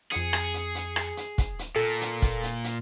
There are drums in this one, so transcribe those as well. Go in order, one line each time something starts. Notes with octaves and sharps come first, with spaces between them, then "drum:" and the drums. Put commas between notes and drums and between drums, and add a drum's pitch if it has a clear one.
F2 G#4 C#7, drum: hi-hat
drum: rim click
drum: hi-hat
drum: hi-hat
drum: rim click
drum: hi-hat
drum: kick, hi-hat
drum: hi-hat
A#2 A4
drum: hi-hat
drum: kick, hi-hat
drum: hi-hat
drum: hi-hat